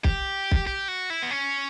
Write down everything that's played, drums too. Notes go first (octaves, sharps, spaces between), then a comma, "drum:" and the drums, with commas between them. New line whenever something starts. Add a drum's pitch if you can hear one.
G4, drum: kick
drum: kick
G4
F#4
E4
B3
C#4